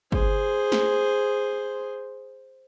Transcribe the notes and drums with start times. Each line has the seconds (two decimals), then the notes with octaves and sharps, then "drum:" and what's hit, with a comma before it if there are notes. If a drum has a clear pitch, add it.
0.12 G#4 C5, drum: kick G1
0.72 drum: snare